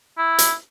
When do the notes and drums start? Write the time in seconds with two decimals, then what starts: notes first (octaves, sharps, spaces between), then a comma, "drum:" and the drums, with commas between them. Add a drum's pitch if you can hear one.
0.18 E4
0.39 drum: hi-hat